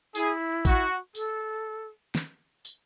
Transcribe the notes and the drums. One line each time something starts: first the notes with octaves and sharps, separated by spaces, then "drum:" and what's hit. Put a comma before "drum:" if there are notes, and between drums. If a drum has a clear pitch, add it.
E4 G#4, drum: tambourine
F#4, drum: kick A1, tambourine
A4, drum: tambourine
drum: snare
drum: tambourine